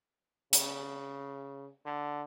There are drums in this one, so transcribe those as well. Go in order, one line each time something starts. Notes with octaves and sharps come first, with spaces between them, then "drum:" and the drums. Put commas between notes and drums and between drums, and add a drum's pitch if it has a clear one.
C#3, drum: hi-hat
D3